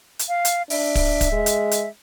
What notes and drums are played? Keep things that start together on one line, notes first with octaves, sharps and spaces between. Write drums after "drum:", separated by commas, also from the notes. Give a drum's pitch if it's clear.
drum: hi-hat
F5
drum: hi-hat
D4 E5, drum: open hi-hat
drum: kick, open hi-hat
drum: kick, hi-hat
G#3
drum: hi-hat
drum: hi-hat